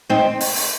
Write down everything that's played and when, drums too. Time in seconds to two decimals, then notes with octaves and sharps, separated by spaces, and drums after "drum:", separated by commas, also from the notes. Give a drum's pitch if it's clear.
0.10 C4 D#4
0.41 drum: open hi-hat
0.56 drum: open hi-hat